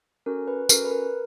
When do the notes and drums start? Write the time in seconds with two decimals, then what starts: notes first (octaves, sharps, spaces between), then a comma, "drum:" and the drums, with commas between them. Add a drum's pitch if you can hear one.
0.26 C#4 F#4 A4 A#4
0.48 B4
0.69 C#4 F#4 A4 A#4, drum: tambourine
0.85 B4
0.91 A#4